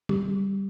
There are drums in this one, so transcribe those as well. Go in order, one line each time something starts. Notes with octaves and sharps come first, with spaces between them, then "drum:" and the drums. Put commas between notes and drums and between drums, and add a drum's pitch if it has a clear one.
G3, drum: tom